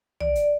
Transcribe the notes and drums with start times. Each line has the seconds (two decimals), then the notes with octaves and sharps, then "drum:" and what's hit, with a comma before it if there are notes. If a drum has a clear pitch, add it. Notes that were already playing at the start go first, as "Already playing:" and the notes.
0.20 D5, drum: tom
0.35 drum: hi-hat